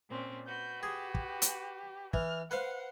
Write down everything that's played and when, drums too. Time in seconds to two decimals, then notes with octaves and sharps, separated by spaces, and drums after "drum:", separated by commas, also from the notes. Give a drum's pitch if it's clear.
0.11 A#2 C4 C#4
0.48 F#4 B4 G6
0.83 G4 G#4
1.15 drum: kick
1.42 drum: hi-hat
2.13 E3 F6, drum: kick
2.51 B4 C5 F5 F#5